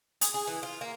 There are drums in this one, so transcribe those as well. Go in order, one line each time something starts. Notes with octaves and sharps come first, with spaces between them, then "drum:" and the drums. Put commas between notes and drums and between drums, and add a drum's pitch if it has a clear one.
G#4, drum: hi-hat
G#4
E3
F4
A#3